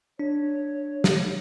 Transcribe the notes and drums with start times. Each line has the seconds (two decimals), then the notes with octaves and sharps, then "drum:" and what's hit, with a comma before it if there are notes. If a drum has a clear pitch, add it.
0.19 D4 C#5
1.04 drum: snare